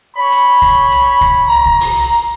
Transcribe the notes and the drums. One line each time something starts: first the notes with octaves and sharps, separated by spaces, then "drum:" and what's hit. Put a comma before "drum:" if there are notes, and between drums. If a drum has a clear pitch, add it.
C#5 B5
drum: hi-hat
drum: kick C2, hi-hat
drum: hi-hat
drum: kick C2, hi-hat
A#5
drum: kick C2
drum: open hi-hat